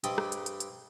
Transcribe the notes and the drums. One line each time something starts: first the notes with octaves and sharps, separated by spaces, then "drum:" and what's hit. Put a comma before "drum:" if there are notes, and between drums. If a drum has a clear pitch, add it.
G2 G3 C4 D5 D#5, drum: hi-hat
drum: rim click
drum: hi-hat
drum: hi-hat
drum: hi-hat